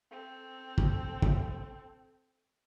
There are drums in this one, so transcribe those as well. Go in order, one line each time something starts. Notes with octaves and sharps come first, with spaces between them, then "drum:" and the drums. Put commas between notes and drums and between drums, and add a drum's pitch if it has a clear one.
C4 A4
drum: kick
drum: kick